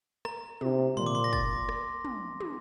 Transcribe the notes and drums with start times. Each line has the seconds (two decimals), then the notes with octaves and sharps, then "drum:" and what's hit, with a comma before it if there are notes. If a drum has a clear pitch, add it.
0.25 A#5, drum: rim click
0.61 C3, drum: tom
0.97 A#2 C6, drum: tom
1.06 D6
1.15 C6
1.24 A#6
1.33 A6, drum: kick
1.69 drum: rim click
2.05 drum: tom
2.40 drum: tom